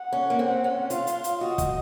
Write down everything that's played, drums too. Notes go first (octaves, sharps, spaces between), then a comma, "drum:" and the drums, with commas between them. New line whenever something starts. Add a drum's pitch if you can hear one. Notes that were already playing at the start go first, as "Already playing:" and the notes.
Already playing: F#5
C#4
A#3
C4
C#4
F4 F5, drum: hi-hat
drum: hi-hat
drum: hi-hat
F#4 D#5
drum: kick, hi-hat